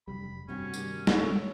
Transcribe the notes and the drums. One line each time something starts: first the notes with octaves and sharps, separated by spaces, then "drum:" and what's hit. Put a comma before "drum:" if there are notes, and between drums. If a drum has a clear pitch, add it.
F1 F#2 G3 B5
G2 C3 A3 C4 C#4 F#4
D#3 G3 F#4, drum: tambourine
C#5 E5, drum: snare